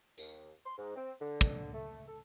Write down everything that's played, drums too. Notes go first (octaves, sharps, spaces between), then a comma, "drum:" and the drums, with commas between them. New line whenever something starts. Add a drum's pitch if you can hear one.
D#2, drum: tambourine
C6
G#2
C4
D3
drum: kick, tambourine
A3
A4